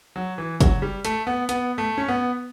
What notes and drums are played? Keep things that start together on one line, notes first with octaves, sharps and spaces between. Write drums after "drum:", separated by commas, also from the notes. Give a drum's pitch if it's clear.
F#3
E3
F#3, drum: kick, hi-hat
G3
A3, drum: hi-hat
B3
B3, drum: hi-hat
A3
C#4
B3